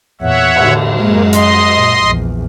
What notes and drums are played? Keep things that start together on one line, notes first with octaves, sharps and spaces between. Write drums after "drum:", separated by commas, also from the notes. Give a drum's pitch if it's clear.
E2 A#2 C#5 E5 F#5
A2 D3, drum: cymbal
F#2 G#3 A#3
D#5 C6, drum: hi-hat
A#2
A#1 E2